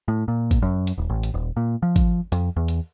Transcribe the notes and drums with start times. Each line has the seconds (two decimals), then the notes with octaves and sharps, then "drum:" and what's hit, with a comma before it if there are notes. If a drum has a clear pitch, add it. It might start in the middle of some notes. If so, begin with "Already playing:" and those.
0.08 A2
0.28 A#2
0.51 drum: kick G#1, hi-hat
0.62 F#2
0.87 drum: hi-hat
0.98 D#1
1.09 A1
1.23 drum: hi-hat
1.34 D#1
1.57 A#2
1.83 F3
1.96 drum: kick G#1, hi-hat
2.32 F2, drum: hi-hat
2.56 E2
2.68 drum: hi-hat